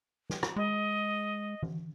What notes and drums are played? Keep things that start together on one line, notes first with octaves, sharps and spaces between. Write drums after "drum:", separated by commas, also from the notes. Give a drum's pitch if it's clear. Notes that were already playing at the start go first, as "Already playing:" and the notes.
drum: snare
drum: rim click
G#3 D#5
drum: tom E3